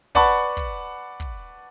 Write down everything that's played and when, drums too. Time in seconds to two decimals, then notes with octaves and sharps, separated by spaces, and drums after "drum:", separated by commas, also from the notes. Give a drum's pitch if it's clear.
0.15 B4 D5 F#5 A5 B5 C#6, drum: kick
0.57 drum: kick
1.20 drum: kick